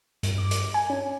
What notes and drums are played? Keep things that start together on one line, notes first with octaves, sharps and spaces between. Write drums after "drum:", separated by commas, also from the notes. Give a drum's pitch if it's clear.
G2, drum: hi-hat
D6
drum: hi-hat
G#5
C#4